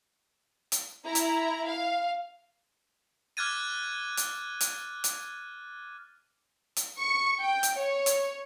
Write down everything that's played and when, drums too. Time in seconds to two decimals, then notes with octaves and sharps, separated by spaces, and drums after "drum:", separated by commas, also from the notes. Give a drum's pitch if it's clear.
0.72 drum: hi-hat
1.05 E4 A#5
1.15 drum: hi-hat
1.67 F5
3.37 D6 F6 F#6 G#6 A6 D#7
4.17 drum: hi-hat
4.61 drum: hi-hat
5.04 drum: hi-hat
6.77 drum: hi-hat
6.99 C#6
7.41 G5
7.63 drum: hi-hat
7.79 C#5
8.06 drum: hi-hat